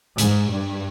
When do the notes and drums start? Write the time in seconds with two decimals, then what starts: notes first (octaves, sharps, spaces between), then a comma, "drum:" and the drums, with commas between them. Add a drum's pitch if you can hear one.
0.18 G#2, drum: hi-hat
0.50 G2